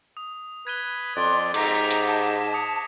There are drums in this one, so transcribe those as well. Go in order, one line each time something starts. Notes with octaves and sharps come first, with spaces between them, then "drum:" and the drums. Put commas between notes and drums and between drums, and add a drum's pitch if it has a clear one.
D#6
B4 G#6 D#7 G7
F2 D5 C6
G#2 G4 A#5 D6 A#6 B6, drum: cymbal
drum: hi-hat
A5
D6 D#6 C#7